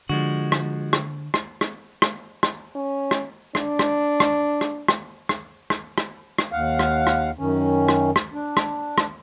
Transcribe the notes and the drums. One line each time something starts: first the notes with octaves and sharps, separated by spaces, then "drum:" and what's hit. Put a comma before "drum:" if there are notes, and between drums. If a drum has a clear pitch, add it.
D3 F3 G#3 F#4
drum: rim click
drum: rim click
drum: rim click
drum: rim click
drum: rim click
drum: rim click
C#4
drum: rim click
D4, drum: rim click
drum: rim click
drum: rim click
drum: rim click
drum: rim click
drum: rim click
drum: rim click
drum: rim click
drum: rim click
D#2 F5 F#5
drum: rim click
drum: rim click
F#2 D#3 C#4
drum: rim click
drum: rim click
D4
drum: rim click
drum: rim click